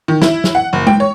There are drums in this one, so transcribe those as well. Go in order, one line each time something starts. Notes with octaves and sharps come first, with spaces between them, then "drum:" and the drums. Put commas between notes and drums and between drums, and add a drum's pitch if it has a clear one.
D#3
E4, drum: snare
drum: snare
F#5
F#1
G5, drum: tom G#3
C#5